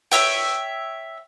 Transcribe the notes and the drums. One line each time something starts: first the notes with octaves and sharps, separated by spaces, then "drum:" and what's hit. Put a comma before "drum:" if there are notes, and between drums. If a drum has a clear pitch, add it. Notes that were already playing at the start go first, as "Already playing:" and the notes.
C#5 E5 G5, drum: open hi-hat